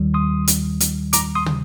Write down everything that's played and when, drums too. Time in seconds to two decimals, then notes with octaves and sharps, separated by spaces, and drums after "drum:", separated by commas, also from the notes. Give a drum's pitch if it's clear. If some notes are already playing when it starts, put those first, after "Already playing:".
Already playing: D#2 D#3 G3
0.14 C6 D#6
0.47 drum: hi-hat
0.80 drum: hi-hat
1.13 A#5 D6, drum: hi-hat
1.35 C6 D#6
1.46 drum: tom